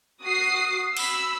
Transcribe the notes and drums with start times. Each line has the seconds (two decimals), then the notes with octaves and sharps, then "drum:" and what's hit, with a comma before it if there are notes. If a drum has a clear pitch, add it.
0.23 F#4 D#6 C7
0.97 B5 E6, drum: cymbal